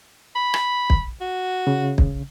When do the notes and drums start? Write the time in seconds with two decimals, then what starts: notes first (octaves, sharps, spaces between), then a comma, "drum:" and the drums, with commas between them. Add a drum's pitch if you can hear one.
0.36 B5
0.54 drum: rim click
0.90 drum: kick
1.21 F#4
1.67 C#3
1.98 drum: kick